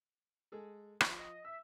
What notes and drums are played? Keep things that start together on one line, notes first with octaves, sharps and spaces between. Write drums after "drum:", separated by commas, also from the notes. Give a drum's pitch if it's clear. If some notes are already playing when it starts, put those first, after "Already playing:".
G#3 G#4 A4
F3, drum: rim click
D#5
E5 E6